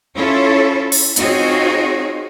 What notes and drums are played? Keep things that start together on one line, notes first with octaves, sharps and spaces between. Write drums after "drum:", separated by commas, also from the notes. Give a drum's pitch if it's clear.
C#4 E4 F4 A4 C#5
drum: open hi-hat
C4 D#4 F4 F#4 G#4 C#5, drum: hi-hat